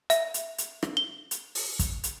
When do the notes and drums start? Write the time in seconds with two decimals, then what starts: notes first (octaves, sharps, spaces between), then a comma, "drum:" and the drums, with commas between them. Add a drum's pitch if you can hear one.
0.10 E5, drum: hi-hat
0.34 drum: hi-hat
0.58 drum: hi-hat
0.83 drum: rim click
0.97 G7
1.31 drum: hi-hat
1.55 drum: open hi-hat
1.79 drum: kick, hi-hat
2.04 drum: hi-hat